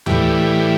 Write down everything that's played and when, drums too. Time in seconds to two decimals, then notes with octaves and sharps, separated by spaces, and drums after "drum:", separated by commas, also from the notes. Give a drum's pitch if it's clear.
0.06 A2 E3 G3, drum: tom